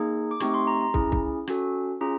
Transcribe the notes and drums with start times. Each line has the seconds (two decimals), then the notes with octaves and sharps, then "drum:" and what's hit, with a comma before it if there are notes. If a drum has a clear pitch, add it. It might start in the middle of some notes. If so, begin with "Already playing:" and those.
Already playing: A#3 D#4 G#4
0.31 D6
0.40 A3 C4 D#4 G4 C#6, drum: rim click
0.54 C6
0.67 A#5
0.81 A#5
0.94 C#4 E4 G#4, drum: kick
1.12 drum: kick
1.47 C#4 F#4 A4, drum: rim click
2.01 C#4 F4 G#4 A#5